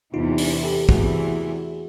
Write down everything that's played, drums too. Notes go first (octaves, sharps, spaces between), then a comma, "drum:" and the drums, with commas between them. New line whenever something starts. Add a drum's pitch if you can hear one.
E2 C3 E3 D#4 F4
D4 E4, drum: open hi-hat
G4 A4
E2 C3 E3 A3 F#4 G#4, drum: kick